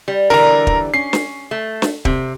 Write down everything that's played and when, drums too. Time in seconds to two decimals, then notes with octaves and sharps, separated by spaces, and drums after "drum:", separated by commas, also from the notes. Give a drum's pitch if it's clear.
0.08 G3
0.30 D3 E3 G3 A#4 A#5
0.67 drum: kick
0.94 C#4 C7
1.13 drum: snare
1.51 A3
1.82 drum: snare
2.05 C3, drum: kick